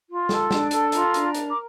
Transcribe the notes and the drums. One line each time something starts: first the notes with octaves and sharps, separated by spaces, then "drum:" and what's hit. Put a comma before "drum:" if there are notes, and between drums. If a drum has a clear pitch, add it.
F4
A4, drum: snare
D4, drum: snare
A4, drum: hi-hat
F4 A#5, drum: hi-hat
D4, drum: hi-hat
A#4, drum: hi-hat
D6